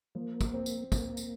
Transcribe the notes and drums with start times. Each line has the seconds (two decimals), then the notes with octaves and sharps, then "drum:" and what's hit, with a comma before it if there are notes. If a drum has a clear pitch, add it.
0.15 F3 A#3
0.41 drum: kick, tambourine
0.53 C4
0.66 drum: tambourine
0.92 A#3 C4, drum: kick, tambourine
1.17 drum: tambourine